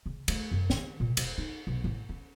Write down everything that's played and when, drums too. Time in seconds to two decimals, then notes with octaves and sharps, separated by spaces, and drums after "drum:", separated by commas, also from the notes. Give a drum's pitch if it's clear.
0.06 C#3
0.28 A3, drum: cymbal
0.51 F#2
0.70 D#3, drum: snare
1.00 A#2
1.17 E1, drum: cymbal
1.38 D#4
1.67 B1
1.84 A1
2.09 C#4